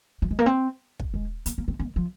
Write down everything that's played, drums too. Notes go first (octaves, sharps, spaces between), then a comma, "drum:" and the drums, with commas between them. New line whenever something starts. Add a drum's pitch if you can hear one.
F3
G#3
A#3
C4
drum: kick
G#3
A#3, drum: hi-hat
A#3
C4
C#4
D#3
F3